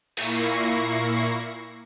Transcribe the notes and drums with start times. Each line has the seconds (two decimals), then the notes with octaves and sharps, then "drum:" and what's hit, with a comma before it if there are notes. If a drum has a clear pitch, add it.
0.17 A#2 A#3 E4 C#6 A#6 C7, drum: cymbal